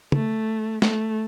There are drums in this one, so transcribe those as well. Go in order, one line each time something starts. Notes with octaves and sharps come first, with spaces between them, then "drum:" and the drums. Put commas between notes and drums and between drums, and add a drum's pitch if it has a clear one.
A3, drum: tom
A3, drum: snare